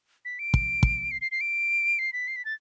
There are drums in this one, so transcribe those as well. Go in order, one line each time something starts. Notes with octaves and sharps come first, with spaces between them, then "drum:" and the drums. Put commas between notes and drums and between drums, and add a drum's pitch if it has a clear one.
B6
D7
drum: kick
drum: kick
C7
C7
C7
D7
C7
B6
C7
B6
A6